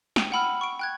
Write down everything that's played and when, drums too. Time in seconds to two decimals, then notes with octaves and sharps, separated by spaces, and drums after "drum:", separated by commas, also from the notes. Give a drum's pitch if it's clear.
0.16 G5, drum: snare
0.32 F#5 G5 B5 E6 F6
0.61 C#6 D7
0.79 G5 F#6 G#6